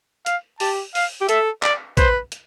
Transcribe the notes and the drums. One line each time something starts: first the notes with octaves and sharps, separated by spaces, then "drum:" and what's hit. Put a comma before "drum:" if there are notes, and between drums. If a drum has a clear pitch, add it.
F5, drum: hi-hat
G4 A5, drum: open hi-hat
F5, drum: open hi-hat
G4
A4 E5, drum: hi-hat
D5, drum: clap
B4 C5, drum: kick A#1, hi-hat
drum: hi-hat